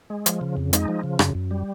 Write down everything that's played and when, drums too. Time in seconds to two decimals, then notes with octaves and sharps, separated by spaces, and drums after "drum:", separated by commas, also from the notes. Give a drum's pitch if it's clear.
0.10 G#3
0.26 F3, drum: hi-hat
0.41 C#3
0.57 F2
0.73 G#3 D#4, drum: hi-hat
0.88 F3
1.03 C#3
1.19 F#2, drum: rim click
1.35 F#2
1.51 G3